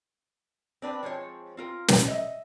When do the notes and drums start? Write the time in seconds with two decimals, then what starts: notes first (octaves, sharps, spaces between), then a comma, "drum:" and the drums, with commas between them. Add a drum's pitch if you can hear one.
0.82 C4 D4 B4
1.03 F3 G#3 C4 C#5 A5
1.57 C4 F4 A#4
1.88 drum: snare
2.08 D#5 E5